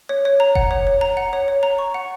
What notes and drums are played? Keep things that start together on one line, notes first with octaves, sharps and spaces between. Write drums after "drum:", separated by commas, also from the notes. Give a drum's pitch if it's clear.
C#5
C#5
A#5
F#5, drum: kick F1
C#5
C#5
A#5
F#5
C#5
C#5
A#5
C#6
F#5